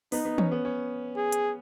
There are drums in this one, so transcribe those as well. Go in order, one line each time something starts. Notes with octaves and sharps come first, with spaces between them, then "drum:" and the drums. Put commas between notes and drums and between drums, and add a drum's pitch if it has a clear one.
B3 D#4, drum: open hi-hat
B3
C#4, drum: tom E3
B3
C#4
G#4
drum: hi-hat